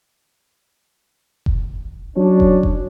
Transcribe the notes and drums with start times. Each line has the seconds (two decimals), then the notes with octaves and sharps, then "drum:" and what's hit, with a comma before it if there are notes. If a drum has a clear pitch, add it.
1.46 drum: kick F1
2.16 F#3 C#4 D4
2.40 drum: kick F1
2.63 drum: kick F1